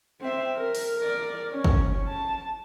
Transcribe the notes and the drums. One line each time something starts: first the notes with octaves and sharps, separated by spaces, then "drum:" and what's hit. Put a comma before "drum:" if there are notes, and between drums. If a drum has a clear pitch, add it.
C4 E5
A#4
drum: open hi-hat
A#4 D5
C#4
drum: kick
A5